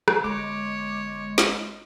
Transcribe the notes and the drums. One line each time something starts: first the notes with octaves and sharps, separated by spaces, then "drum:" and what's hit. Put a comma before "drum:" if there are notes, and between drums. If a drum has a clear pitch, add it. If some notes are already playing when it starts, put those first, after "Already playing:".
drum: rim click
G1 G#3 C#5 D6
drum: snare